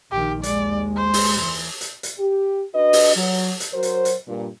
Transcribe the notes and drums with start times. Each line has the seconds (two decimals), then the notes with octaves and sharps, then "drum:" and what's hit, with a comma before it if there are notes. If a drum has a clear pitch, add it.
0.11 A#1 D#3 G4
0.43 D#2 G#3 D5, drum: hi-hat
0.96 C5
1.14 drum: open hi-hat
1.40 E3
1.81 drum: hi-hat
2.03 drum: hi-hat
2.19 G4
2.74 D4 F#4 B4 D#5
2.93 drum: open hi-hat
3.15 F#3
3.60 drum: hi-hat
3.73 F#3 F#4 A#4 C5
3.83 drum: hi-hat
4.05 drum: hi-hat
4.26 G2 A#2